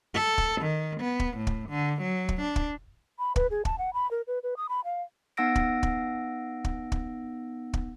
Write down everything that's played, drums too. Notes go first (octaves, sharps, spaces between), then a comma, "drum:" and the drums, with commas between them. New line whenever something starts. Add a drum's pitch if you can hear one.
A4
drum: kick
D#3
B3
drum: kick
A2
drum: kick
D3
F#3
drum: kick
D4
drum: kick
B5
B4, drum: kick
G#4
A5, drum: kick
F#5
B5
A#4
B4
B4
D#6
B5
F5
B3 D#4 F#5 E6 A#6 D7
drum: kick
drum: kick
drum: kick
drum: kick
drum: kick